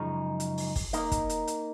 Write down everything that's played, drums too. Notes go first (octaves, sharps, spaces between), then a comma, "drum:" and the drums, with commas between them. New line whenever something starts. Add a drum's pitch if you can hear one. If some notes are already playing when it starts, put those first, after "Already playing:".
Already playing: F#2 C#3 F3 G#3 D#4
drum: hi-hat
drum: open hi-hat
drum: kick, open hi-hat
A#3 D#4 A#4 D#5, drum: hi-hat
drum: kick, hi-hat
drum: hi-hat
drum: hi-hat